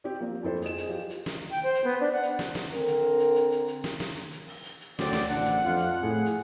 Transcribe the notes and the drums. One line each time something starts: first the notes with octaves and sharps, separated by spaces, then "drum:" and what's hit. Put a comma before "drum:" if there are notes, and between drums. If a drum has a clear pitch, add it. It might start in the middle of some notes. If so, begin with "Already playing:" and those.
C4 G4
F3 A#3 C4
F2 E4 A4 C5
G#4 D#5 E7, drum: hi-hat
drum: hi-hat
F3 G4
drum: hi-hat
drum: snare
G5
C5
drum: hi-hat
B3
D4
F#5
drum: hi-hat
drum: snare
drum: snare
D3 C4 A#4, drum: hi-hat
drum: hi-hat
drum: hi-hat
drum: hi-hat
drum: hi-hat
drum: hi-hat
drum: snare
drum: snare
drum: hi-hat
drum: hi-hat
drum: open hi-hat
drum: hi-hat
drum: hi-hat
D2 F#3 C4 D5, drum: snare
drum: snare
A1 D4 F#5, drum: hi-hat
drum: hi-hat
F2 F4
drum: hi-hat
A2 G#4
drum: hi-hat